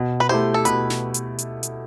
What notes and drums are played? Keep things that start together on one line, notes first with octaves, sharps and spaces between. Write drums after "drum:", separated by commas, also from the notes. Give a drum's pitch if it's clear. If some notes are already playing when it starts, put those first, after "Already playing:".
Already playing: B2
B4
A3 E4 G4 C5
A4
B2 B4, drum: hi-hat
drum: snare
drum: hi-hat
drum: hi-hat
drum: hi-hat